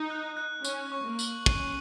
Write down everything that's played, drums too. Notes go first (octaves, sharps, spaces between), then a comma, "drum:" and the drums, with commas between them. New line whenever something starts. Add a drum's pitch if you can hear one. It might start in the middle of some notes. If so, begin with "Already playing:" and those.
Already playing: D#4
F#6
F#6
C#4 C#6, drum: tambourine
C#6
A#3
F#7, drum: tambourine
C#4 D#7, drum: kick